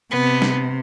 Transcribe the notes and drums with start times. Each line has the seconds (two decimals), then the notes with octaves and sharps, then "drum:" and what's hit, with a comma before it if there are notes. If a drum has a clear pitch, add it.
0.11 C3 B3
0.42 drum: snare